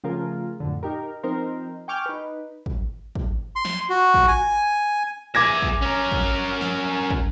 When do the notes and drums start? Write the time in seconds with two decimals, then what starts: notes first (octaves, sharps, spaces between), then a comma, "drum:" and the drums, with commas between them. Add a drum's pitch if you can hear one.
0.04 C#3 F3 A3 F4 G#4 A#4
0.60 F2 A2 D3
0.83 D#4 G4 A#4
1.23 F3 C4 D#4 A#4 C5
1.88 G5 G#5 C#6 D6 F6 G6
2.06 D#4 B4
2.66 drum: kick
3.15 drum: kick
3.56 C6
3.65 drum: snare
3.89 F#4
4.14 drum: kick
4.28 G#5
5.35 G#4 E5 D6 G#6 A#6
5.62 drum: kick
5.81 C#4 A#4
6.12 drum: kick
6.61 drum: snare
7.10 drum: kick